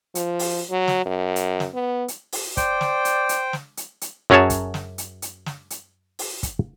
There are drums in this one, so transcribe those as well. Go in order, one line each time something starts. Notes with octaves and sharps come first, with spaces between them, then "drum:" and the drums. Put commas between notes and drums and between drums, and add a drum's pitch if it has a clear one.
F3, drum: hi-hat
drum: open hi-hat
F#3
drum: snare
F#2
drum: hi-hat
drum: snare
B3
drum: hi-hat
drum: open hi-hat
C5 D5 G5, drum: kick, hi-hat
drum: snare
drum: hi-hat
drum: hi-hat
drum: snare
drum: hi-hat
drum: hi-hat
F#2 F#3 C#4 G#4 C#5 A5
drum: kick, hi-hat
drum: snare
drum: hi-hat
drum: hi-hat
drum: snare
drum: hi-hat
drum: open hi-hat
drum: kick, hi-hat